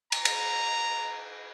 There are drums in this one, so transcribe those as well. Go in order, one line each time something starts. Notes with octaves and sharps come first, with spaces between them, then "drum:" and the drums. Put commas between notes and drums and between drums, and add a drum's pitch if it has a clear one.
A#5, drum: cymbal
drum: cymbal